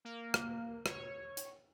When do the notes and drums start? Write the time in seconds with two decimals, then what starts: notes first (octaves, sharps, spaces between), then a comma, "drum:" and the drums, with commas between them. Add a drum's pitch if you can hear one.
0.05 A#3
0.34 drum: rim click
0.86 C#5, drum: rim click
1.37 drum: hi-hat